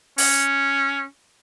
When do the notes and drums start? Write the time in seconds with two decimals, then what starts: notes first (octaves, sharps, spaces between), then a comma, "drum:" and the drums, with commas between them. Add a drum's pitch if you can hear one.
0.18 C#4, drum: open hi-hat